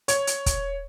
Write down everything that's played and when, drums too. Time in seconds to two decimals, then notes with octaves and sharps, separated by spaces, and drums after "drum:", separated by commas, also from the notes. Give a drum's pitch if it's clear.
0.08 C#5, drum: hi-hat
0.27 drum: hi-hat
0.46 drum: kick, hi-hat